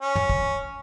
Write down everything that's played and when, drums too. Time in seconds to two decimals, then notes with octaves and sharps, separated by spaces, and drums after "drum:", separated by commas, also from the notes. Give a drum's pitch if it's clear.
0.01 C#4
0.15 drum: tom
0.29 drum: kick